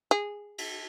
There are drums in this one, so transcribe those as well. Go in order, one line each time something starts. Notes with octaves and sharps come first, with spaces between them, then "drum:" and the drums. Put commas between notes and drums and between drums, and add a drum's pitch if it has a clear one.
G#4
drum: cymbal